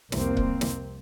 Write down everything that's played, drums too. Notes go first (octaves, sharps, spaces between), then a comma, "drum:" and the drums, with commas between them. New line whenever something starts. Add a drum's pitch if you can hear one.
C2 F2 A#3 C4, drum: snare
drum: kick C#1
drum: snare